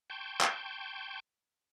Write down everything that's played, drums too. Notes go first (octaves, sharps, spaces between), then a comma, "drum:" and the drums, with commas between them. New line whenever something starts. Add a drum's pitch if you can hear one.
G5 A5 C6 C#6 G6
drum: clap